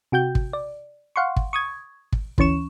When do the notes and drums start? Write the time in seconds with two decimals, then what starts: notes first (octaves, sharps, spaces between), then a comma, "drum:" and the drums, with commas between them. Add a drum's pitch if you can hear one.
0.12 C3 F#4 G5 G6
0.35 drum: kick
0.53 D5
1.16 F5 F#5 C6 C#6
1.36 drum: kick
1.53 C#6 D#6 G#6
2.12 drum: kick
2.38 D2 E3 C#4 C#6 E7, drum: kick